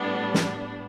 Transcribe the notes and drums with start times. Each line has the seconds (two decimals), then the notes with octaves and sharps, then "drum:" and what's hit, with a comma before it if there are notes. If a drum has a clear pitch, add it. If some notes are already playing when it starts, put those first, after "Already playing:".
Already playing: A2 G3 B3 D4
0.34 drum: snare